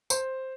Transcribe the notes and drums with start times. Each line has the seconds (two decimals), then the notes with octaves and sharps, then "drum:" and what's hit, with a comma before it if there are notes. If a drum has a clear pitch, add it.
0.10 C5, drum: tambourine